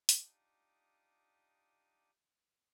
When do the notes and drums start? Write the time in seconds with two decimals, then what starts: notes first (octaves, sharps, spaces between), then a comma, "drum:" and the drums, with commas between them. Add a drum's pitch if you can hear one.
0.09 D4 D#4 F4 G4 D6 D#6, drum: open hi-hat